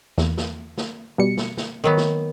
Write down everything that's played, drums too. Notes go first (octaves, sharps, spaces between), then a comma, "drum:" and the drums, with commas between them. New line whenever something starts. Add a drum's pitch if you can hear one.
E2, drum: snare
drum: snare
drum: snare
B2 G3 C#7
drum: snare
drum: snare
D#3 F#3 B3
drum: snare